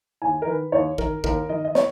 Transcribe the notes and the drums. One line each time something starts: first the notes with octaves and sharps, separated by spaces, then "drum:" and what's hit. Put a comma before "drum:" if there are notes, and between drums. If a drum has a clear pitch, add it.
D#2 G#5
A#4
D#3 B4
D#2 C#5
D#3 A#4, drum: kick
D#2 A#4, drum: kick
D#3 D#5
D#5
C#5, drum: snare